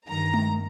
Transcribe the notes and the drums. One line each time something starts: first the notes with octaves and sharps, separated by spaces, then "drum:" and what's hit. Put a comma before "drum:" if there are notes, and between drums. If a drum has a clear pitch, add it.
G2 D#3 A#5
drum: tom G#3